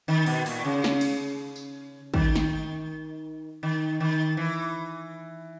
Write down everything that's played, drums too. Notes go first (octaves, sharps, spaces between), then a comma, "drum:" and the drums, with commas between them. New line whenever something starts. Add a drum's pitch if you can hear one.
D#3
B2, drum: open hi-hat
A#2, drum: open hi-hat
C#3
drum: snare
drum: cymbal
drum: tambourine
D#3, drum: kick
drum: snare
D#3
D#3
E3